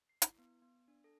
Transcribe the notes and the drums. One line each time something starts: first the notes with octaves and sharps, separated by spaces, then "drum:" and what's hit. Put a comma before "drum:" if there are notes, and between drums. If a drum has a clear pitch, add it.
C7
E4, drum: hi-hat
B3
B3
D4
A4